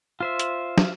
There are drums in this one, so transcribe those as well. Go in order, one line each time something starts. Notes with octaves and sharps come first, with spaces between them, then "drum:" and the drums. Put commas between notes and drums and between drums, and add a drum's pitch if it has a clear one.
F4 C5 E5
drum: hi-hat
drum: snare